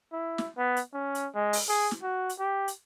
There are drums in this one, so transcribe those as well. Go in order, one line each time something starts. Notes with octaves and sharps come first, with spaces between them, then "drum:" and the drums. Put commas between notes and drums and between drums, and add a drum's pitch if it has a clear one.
E4
drum: snare
B3
drum: hi-hat
C#4
drum: hi-hat
G#3
drum: open hi-hat
G#4
drum: snare
F#4
drum: hi-hat
G4
drum: hi-hat